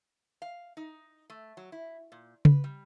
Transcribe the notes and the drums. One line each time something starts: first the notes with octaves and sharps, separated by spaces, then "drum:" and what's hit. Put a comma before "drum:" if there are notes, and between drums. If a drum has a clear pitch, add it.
F5
D#4
A3
F#3
E4
A#2
B4, drum: tom C#3
G3